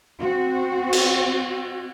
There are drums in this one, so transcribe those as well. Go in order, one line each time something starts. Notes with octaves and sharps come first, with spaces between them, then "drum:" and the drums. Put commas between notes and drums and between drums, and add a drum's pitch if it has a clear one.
C4 F#4
drum: cymbal